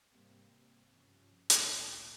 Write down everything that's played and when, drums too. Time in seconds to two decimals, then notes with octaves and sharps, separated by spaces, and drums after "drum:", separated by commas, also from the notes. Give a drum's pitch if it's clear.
0.10 G#2 C3 G3 A#3 C4
0.90 G2 C3 F3 C#4
1.50 G#1 D2 A#2 A3 A#3, drum: hi-hat